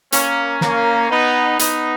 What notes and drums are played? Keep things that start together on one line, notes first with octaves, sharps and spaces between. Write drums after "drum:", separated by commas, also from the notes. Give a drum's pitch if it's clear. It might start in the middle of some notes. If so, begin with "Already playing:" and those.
A#3 C#4, drum: hi-hat
A#3 C#4, drum: snare
B3 D#4
B3 D#4, drum: hi-hat